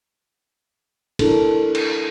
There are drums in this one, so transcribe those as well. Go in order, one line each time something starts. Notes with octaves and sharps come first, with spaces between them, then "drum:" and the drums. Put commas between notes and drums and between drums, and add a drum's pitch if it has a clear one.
D4 E4 A4 A#4, drum: cymbal
drum: cymbal